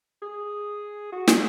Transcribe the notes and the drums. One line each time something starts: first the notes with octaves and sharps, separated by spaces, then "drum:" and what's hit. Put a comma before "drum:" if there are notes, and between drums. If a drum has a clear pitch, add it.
G#4
F#4
drum: snare